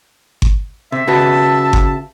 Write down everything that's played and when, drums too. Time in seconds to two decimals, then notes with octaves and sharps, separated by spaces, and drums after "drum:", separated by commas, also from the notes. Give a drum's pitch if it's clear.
0.42 drum: kick G1
0.92 C3 E5
1.07 C#3 F#4 B4 A5
1.73 drum: kick G1